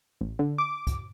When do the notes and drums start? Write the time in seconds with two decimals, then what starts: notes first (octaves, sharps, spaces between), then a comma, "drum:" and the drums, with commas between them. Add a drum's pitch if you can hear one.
0.21 A1
0.39 D3
0.58 D6
0.87 drum: kick, hi-hat